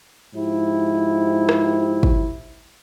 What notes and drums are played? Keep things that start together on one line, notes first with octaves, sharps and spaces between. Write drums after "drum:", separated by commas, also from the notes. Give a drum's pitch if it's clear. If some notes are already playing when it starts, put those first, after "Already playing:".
G#2 F3 E4 G4
drum: rim click
drum: kick